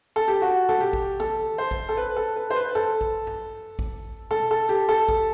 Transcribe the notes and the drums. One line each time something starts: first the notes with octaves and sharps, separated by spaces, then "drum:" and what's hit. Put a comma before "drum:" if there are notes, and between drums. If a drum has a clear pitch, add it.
A4
G4
F#4
A4, drum: tom B2
G4
drum: kick A1
A4, drum: tom D#3
C5
drum: kick A1
A4
B4
A4
B4
C5
B4
A4, drum: tom F#2
drum: kick A1
drum: tom F#2
drum: kick A1
A4, drum: tom B2
A4
G4
A4
drum: kick A1